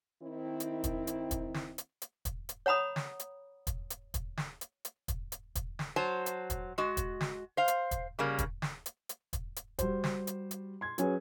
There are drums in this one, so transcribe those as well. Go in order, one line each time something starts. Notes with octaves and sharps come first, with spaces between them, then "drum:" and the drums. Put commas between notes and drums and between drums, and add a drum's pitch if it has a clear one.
D#3 C4 E4
drum: hi-hat
drum: kick, hi-hat
drum: hi-hat
drum: kick, hi-hat
drum: snare
drum: hi-hat
drum: hi-hat
drum: kick, hi-hat
drum: hi-hat
C#5 F#5 A#5 B5 D#6
drum: snare
drum: hi-hat
drum: kick, hi-hat
drum: hi-hat
drum: kick, hi-hat
drum: snare
drum: hi-hat
drum: hi-hat
drum: kick, hi-hat
drum: hi-hat
drum: kick, hi-hat
drum: snare
F#3 C5 A5
drum: hi-hat
drum: kick, hi-hat
G#3 F#4
drum: kick, hi-hat
drum: snare
C5 F5
drum: hi-hat
drum: kick, hi-hat
C#3 G3 A#3
drum: kick, hi-hat
drum: snare
drum: hi-hat
drum: hi-hat
drum: kick, hi-hat
drum: hi-hat
G3 F#4 C5, drum: kick, hi-hat
drum: snare
drum: hi-hat
drum: hi-hat
C6 G#6
F#3 C#4 G#4 B4, drum: hi-hat